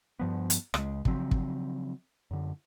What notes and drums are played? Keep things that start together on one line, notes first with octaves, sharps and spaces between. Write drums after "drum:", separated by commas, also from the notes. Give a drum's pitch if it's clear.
G2 F3 B3
drum: hi-hat
C#2 G#3, drum: rim click
C#3 F3 F#3 C4, drum: kick
drum: kick
F#2 D3